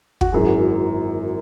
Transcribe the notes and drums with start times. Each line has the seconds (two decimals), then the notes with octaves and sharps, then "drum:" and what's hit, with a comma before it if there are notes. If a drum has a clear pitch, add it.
0.21 F#4, drum: kick
0.32 G#1 F#2 E3 G#4